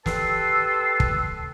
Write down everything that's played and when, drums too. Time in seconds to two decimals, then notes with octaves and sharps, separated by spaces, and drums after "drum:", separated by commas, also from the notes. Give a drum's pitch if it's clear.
0.06 G4 A4 B4 A5 C6 E6, drum: snare
1.00 drum: kick